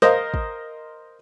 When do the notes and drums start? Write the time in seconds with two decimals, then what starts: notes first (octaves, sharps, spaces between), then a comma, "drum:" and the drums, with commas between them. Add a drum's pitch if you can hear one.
0.02 A#4 C5 D#5 F5, drum: snare
0.34 drum: kick